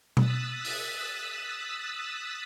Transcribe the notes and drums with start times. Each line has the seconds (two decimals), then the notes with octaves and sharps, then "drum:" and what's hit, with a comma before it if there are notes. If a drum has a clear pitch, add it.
0.17 D#6 E6 F#6 A6 B6, drum: tom B2
0.65 drum: open hi-hat